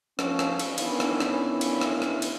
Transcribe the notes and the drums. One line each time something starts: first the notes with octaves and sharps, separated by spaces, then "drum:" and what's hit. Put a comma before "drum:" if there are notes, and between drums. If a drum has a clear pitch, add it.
F3 C#4, drum: rim click
drum: rim click
drum: cymbal
D#3 E3 B3 C#4 D4 E4, drum: cymbal
drum: rim click
drum: rim click
drum: cymbal
drum: rim click
drum: rim click
drum: cymbal